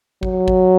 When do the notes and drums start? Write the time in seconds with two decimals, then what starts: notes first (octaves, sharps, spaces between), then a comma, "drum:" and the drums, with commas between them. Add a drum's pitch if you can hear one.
0.23 F#3, drum: kick G#1
0.48 drum: kick G#1